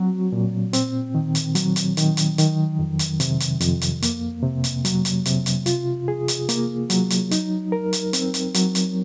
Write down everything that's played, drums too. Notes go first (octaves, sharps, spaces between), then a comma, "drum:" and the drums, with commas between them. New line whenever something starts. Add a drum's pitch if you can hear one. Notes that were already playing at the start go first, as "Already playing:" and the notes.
Already playing: F#3 C4 F#4
A#2
C4, drum: hi-hat
D#3
drum: hi-hat
F#3, drum: hi-hat
drum: hi-hat
D#3, drum: hi-hat
drum: hi-hat
D#3, drum: hi-hat
F2
drum: hi-hat
C3, drum: hi-hat
drum: hi-hat
F2, drum: hi-hat
drum: hi-hat
A#3, drum: hi-hat
C3
drum: hi-hat
F#3, drum: hi-hat
drum: hi-hat
C3, drum: hi-hat
drum: hi-hat
F4, drum: hi-hat
G#4
drum: hi-hat
A#3, drum: hi-hat
F#3, drum: hi-hat
drum: hi-hat
D#4, drum: hi-hat
A#4
drum: hi-hat
C4, drum: hi-hat
drum: hi-hat
F#3, drum: hi-hat
drum: hi-hat